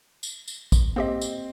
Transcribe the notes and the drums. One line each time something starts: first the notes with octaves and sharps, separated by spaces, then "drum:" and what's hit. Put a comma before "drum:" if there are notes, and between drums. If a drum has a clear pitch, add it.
drum: tambourine
drum: tambourine
drum: kick, tambourine
A#3 C4 G4 D#5
drum: tambourine